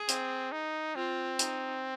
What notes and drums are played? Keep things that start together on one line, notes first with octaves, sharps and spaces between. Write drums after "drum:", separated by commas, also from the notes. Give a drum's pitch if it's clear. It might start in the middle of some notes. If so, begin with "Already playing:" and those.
Already playing: G#4
C4, drum: hi-hat
D#4
C4 F4
D#4, drum: hi-hat